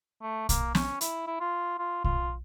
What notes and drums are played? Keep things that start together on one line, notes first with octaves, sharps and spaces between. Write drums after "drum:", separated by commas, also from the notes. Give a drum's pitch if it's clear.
A3
A#3, drum: kick, hi-hat
C#4, drum: snare
E4, drum: hi-hat
E4
F4
F4
F4, drum: kick